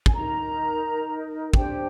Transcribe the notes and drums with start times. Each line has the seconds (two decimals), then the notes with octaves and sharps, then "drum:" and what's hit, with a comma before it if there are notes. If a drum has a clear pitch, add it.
0.06 G#5, drum: kick
0.14 D#4 A#4 A#5
1.54 D4 G4 C5 G5, drum: kick